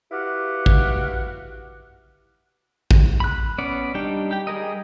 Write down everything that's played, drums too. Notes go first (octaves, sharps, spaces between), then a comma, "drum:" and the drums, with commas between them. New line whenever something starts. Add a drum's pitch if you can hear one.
E4 F#4 G4 B4 F5 F#5
drum: kick A1
drum: kick A1
B5 F#6
B3 C#4 D5
G3 D4 D#4 G4 G5
G4 G5
G3 G#4 A#4 D#5